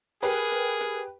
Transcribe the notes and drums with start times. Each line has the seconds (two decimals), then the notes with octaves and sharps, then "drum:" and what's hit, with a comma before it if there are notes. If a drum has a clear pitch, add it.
0.23 G4 G#4 A#4 B4, drum: open hi-hat
0.52 drum: hi-hat
0.81 drum: hi-hat